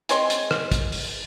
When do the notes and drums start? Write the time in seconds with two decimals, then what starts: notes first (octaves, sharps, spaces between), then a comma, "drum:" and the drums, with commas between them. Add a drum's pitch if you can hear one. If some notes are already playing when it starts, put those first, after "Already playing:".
0.09 G#3 C4 C#5 C6, drum: hi-hat
0.30 drum: hi-hat
0.51 drum: rim click
0.72 drum: kick, hi-hat
0.92 drum: open hi-hat